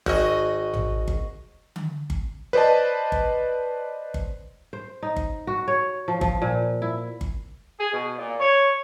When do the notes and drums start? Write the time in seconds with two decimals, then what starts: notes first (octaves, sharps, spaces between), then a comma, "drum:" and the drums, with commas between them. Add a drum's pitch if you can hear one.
0.06 G#1 F#4 D#5, drum: kick G1
0.74 drum: tom A1
1.08 drum: kick G1
1.76 drum: tom D3
2.10 drum: kick G1
2.53 B4 C5 D5 D#5 A5
3.12 drum: kick G1
4.14 drum: kick G1
4.73 C5
5.03 D#4
5.16 drum: kick G1
5.47 F#4
5.68 C#5
6.08 F3
6.21 F3, drum: kick G1
6.42 A#2
6.82 E4
7.21 drum: kick G1
7.79 G#4
7.93 B2
8.19 A#2
8.39 C#5